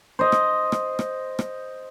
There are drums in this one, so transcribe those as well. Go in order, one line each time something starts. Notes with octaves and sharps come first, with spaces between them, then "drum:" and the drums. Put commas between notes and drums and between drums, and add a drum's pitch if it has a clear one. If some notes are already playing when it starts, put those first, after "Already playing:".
C5 D#5
drum: rim click
drum: rim click
drum: rim click
drum: rim click